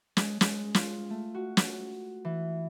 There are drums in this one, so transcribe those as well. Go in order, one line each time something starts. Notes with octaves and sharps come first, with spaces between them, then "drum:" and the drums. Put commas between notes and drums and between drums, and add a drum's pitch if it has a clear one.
G#3, drum: snare
G#3, drum: snare
F4, drum: snare
A3
F#4
drum: snare
E3